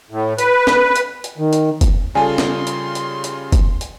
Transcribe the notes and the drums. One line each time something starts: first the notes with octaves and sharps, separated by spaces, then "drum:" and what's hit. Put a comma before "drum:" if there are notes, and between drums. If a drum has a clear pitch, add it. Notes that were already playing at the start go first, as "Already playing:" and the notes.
A2
B4, drum: hi-hat
drum: snare
drum: hi-hat
drum: hi-hat
D#3
drum: hi-hat
drum: kick, hi-hat
C#3 G3 F4 A4 D5 G#5 A5 C6
drum: snare
drum: hi-hat
drum: hi-hat
drum: hi-hat
drum: kick, hi-hat
drum: hi-hat